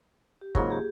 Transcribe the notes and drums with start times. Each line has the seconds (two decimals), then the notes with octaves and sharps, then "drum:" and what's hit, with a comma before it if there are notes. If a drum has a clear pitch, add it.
0.41 G4
0.55 G#2 C#3 F#3 A#3 F4 A#4, drum: kick
0.70 G4 G#4